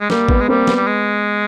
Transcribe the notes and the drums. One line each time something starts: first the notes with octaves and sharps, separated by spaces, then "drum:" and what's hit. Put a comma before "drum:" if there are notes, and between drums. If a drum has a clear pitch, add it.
G#3
G3 A#3, drum: snare
B3, drum: kick A1
G#3
G3 A#3 C4
B3, drum: snare
G3
G#3